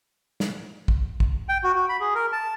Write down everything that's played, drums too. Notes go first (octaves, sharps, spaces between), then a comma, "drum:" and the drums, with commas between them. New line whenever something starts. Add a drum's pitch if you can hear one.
drum: snare
drum: kick
drum: kick
G5
F#4
F#4
B5
G#4
A#4
A5